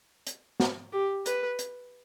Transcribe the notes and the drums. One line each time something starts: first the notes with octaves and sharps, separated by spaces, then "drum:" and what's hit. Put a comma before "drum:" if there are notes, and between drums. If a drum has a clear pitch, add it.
drum: hi-hat
drum: snare
G4
B4, drum: hi-hat
drum: hi-hat